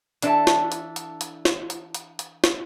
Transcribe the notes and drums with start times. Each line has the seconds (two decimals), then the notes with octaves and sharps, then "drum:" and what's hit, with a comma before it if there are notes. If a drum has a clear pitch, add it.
0.22 E3 D4 A4 B4 E5 A5, drum: hi-hat
0.47 drum: snare
0.72 drum: hi-hat
0.96 drum: hi-hat
1.21 drum: hi-hat
1.45 drum: snare
1.70 drum: hi-hat
1.95 drum: hi-hat
2.19 drum: hi-hat
2.44 drum: snare